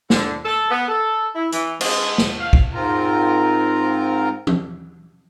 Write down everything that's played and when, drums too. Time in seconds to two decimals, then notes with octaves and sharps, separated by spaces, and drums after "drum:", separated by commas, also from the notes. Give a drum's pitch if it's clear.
0.10 D3, drum: snare
0.45 A4
0.70 B3
0.88 A4
1.35 E4
1.52 E3, drum: hi-hat
1.81 G#3, drum: cymbal
2.18 drum: snare
2.40 F5
2.53 drum: kick
2.74 G#2 C4 F4 A#4 A#5
4.47 drum: tom E3